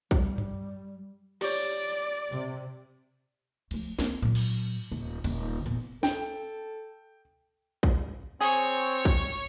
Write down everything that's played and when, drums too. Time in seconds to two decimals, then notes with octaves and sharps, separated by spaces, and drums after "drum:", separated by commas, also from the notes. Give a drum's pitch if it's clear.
0.11 G3, drum: kick
0.38 drum: tom F#2
1.41 G4 C#5 D5, drum: cymbal
2.15 drum: hi-hat
2.32 C3, drum: open hi-hat
3.71 F3 A3, drum: cymbal
3.99 A#3 C4, drum: snare
4.22 A#2 F#3
4.35 drum: cymbal
4.92 D#1
5.24 D#1 D#4, drum: cymbal
5.66 E2 A#2, drum: hi-hat
6.03 A4 G5, drum: snare
7.83 drum: kick
8.41 C4 G#4 C#5 C#6
9.05 drum: kick